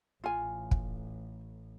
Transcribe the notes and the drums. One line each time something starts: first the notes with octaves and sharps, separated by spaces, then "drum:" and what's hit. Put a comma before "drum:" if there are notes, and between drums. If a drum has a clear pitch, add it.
A1 F4 G#5
drum: kick